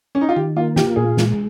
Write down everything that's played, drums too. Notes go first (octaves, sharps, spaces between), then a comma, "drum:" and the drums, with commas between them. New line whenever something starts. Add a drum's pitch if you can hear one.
C#4
D#4
F4
D#3 G4
A#3 F4
F4 G4, drum: snare
A#2 G#4
G#3, drum: snare